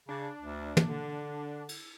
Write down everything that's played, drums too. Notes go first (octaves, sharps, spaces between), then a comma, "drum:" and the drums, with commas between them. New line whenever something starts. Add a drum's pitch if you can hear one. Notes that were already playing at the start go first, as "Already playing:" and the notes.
C#3 D4
D2
drum: tom
D3
drum: cymbal